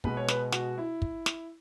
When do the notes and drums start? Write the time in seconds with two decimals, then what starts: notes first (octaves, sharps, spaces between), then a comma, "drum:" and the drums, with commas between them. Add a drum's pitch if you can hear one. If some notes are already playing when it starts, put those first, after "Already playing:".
0.04 B2 G#3 B3 B4, drum: kick
0.17 C#5
0.28 B4, drum: snare
0.52 F#4, drum: snare
0.78 E4
1.02 drum: kick
1.26 drum: snare